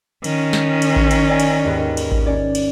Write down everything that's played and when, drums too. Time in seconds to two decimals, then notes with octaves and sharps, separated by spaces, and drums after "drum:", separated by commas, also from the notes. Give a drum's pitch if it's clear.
0.24 D#3 C#4, drum: cymbal
0.53 drum: snare
0.82 drum: cymbal
0.96 drum: kick A1
1.11 drum: cymbal
1.28 D5 G#5
1.40 drum: cymbal
1.64 D#2 G#2 B4
1.97 drum: cymbal
2.12 drum: kick A1
2.26 C#4 D5
2.55 drum: cymbal